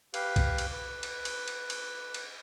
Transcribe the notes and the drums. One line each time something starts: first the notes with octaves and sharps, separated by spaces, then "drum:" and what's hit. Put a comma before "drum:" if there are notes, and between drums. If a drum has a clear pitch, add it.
G4 B4 F5, drum: cymbal
drum: kick B1, cymbal
drum: cymbal
B4
drum: cymbal
drum: cymbal
drum: cymbal
drum: cymbal
drum: cymbal